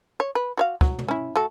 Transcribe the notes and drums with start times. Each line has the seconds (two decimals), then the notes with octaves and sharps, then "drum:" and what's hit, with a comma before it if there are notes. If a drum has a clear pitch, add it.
0.20 C#5
0.35 B4
0.57 F#4 C#5 F5
0.81 F#3, drum: kick
0.98 drum: tom
1.08 C#4 E4
1.36 A3 F#4 A4